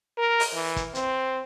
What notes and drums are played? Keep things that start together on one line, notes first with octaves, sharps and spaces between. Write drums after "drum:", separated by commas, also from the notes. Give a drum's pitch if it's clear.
A#4
drum: open hi-hat
E3
drum: kick, hi-hat
C4, drum: hi-hat